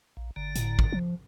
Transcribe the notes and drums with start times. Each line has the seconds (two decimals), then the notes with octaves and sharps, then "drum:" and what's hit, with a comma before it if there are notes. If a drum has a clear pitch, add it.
0.17 A#1
0.36 G1 D3 A#5
0.56 A2, drum: hi-hat
0.79 drum: kick
0.92 F3